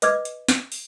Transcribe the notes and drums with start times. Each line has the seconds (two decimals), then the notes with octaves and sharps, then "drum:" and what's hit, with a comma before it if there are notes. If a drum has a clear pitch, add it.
0.02 B4 D#5 D6 F6 G#6, drum: hi-hat
0.25 drum: hi-hat
0.48 drum: snare
0.72 drum: open hi-hat